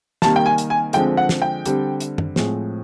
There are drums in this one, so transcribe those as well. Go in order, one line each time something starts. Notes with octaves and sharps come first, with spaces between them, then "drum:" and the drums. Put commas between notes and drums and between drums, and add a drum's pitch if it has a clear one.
C3 D#3 G3 A#3 A5, drum: snare
G5
G#5
drum: hi-hat
G#5
D3 F3 G#3 C4 G5, drum: hi-hat
F#5
drum: snare
G5
D3 G3 C4, drum: hi-hat
drum: hi-hat
drum: tom
A2 F3 G#3 C4, drum: snare